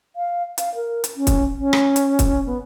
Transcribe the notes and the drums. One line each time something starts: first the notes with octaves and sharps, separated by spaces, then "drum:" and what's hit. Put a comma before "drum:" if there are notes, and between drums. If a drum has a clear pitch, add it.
F5
F5, drum: hi-hat
A#4
drum: hi-hat
C#4
drum: kick, hi-hat
C#4
drum: rim click
drum: hi-hat
drum: kick, hi-hat
B3